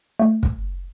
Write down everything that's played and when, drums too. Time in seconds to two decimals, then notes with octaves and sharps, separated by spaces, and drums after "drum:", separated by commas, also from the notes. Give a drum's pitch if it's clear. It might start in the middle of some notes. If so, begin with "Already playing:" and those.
0.19 A3
0.43 drum: kick